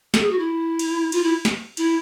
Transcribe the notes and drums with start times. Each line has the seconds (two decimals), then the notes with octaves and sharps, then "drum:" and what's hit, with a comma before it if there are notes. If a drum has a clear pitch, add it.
0.14 A4, drum: snare
0.22 G#4
0.30 F#4
0.38 E4
0.79 drum: cymbal
1.12 F4, drum: cymbal
1.23 E4
1.45 drum: snare
1.77 E4, drum: cymbal